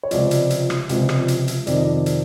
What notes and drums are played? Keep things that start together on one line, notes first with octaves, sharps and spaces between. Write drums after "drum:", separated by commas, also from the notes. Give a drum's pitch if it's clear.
C#5
C#2 C3 F3 D5, drum: hi-hat
drum: hi-hat
drum: hi-hat
drum: rim click
C#2 C3 F3, drum: hi-hat
drum: rim click
drum: hi-hat
drum: hi-hat
F2 C3 D#3 D5, drum: hi-hat
D#5
D5
drum: hi-hat